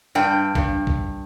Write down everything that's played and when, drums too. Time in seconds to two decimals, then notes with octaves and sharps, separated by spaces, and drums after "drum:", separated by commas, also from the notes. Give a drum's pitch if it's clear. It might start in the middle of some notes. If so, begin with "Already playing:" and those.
0.15 G2 G5
0.55 G2, drum: kick
0.87 drum: kick